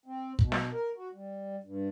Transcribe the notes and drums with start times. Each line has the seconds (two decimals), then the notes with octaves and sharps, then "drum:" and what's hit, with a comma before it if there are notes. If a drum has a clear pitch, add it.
0.06 C4
0.39 B2, drum: kick
0.52 drum: snare
0.73 A#4
0.96 F#4
1.13 G3
1.64 G2